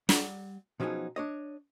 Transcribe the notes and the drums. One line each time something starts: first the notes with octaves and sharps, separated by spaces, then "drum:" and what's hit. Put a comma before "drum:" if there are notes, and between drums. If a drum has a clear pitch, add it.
G3 D5 F#5 A#5, drum: snare
B2 F3 F#3 C#4 D#4 G#4
D4 C#5 D#5